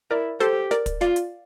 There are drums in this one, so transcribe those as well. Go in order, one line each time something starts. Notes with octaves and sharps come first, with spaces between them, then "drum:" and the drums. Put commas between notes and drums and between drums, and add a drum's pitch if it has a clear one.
E4 A#4 D5
G4 A4 C5, drum: snare
A#4 D5, drum: snare
drum: kick, hi-hat
F4 D5 F5, drum: snare
drum: hi-hat